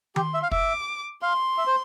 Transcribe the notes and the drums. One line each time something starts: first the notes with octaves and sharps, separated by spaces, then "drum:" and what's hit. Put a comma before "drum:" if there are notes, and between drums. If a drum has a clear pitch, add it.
G4 C6, drum: tom D#3
E5
F5
E5 D6, drum: kick
F5 C6
E5
C5